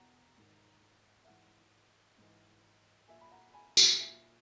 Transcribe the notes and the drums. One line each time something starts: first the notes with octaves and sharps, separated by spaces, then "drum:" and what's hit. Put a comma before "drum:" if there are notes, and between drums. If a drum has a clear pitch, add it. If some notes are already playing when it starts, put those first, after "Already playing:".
Already playing: E2 B2 F#5 A#5
G#2 D#3
E5
G#2 E3 F#5
G#2 E3
A#2 E5 G#5
B5
F#5 A#5
G#5 B5
F#5 A#5, drum: tambourine
A#2 E5 G#5